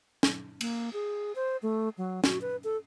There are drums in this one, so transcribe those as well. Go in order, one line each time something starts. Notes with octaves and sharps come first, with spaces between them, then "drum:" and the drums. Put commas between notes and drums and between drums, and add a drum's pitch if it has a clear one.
drum: snare
A#3, drum: cymbal
G#4
C5
A3
F#3
F#4, drum: snare
B4
A4